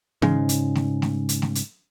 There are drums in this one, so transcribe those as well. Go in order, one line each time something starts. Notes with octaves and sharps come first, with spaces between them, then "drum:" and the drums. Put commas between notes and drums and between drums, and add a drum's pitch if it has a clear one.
G#2 C#3 G#3, drum: tom
drum: hi-hat
drum: snare A3
drum: snare A3
drum: hi-hat
drum: snare A3
drum: hi-hat